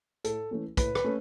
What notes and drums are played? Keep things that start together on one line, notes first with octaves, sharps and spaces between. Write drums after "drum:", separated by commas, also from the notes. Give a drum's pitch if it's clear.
A2 A4, drum: hi-hat
E3 A3 C#4
A2 B4, drum: kick, hi-hat
B4, drum: rim click
A3 C#4